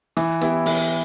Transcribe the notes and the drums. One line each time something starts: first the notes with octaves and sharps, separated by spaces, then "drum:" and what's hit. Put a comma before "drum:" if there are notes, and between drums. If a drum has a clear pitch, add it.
E3, drum: hi-hat
B3 E4 G4, drum: hi-hat
E3, drum: open hi-hat